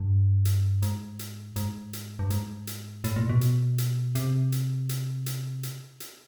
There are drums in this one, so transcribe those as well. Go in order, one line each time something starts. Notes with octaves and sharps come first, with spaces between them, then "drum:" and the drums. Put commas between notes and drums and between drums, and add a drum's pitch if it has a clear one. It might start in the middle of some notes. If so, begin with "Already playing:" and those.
Already playing: G2
drum: hi-hat
G#2, drum: hi-hat
drum: hi-hat
G#2, drum: hi-hat
drum: hi-hat
G2
G#2, drum: hi-hat
drum: hi-hat
A2, drum: hi-hat
A#2
B2
drum: hi-hat
drum: hi-hat
C3, drum: hi-hat
drum: hi-hat
drum: hi-hat
drum: hi-hat
drum: hi-hat
drum: hi-hat